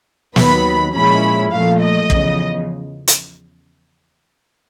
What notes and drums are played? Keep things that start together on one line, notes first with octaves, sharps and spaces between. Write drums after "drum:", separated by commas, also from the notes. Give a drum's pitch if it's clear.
D#2 D#3 F#3 B3 B5, drum: snare
A#2 F3 G#3 C#4 E4 B5
A#2 F3 A3 F5
D#5
E2 C#3 F3, drum: kick
drum: hi-hat